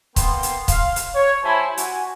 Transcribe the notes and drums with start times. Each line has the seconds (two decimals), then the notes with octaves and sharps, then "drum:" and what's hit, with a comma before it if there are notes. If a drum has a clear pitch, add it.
0.16 A#3 B3 G5 C6, drum: kick, hi-hat
0.43 drum: hi-hat
0.68 F5 C6, drum: kick, hi-hat
0.96 drum: hi-hat
1.15 C#5
1.44 G3 E4 C5 G#5 A5 B5
1.77 F#4 G#5, drum: hi-hat